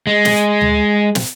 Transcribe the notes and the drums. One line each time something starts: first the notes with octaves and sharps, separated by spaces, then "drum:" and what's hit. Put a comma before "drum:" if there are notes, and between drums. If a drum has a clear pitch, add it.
G#3
drum: snare
drum: tom D2
drum: snare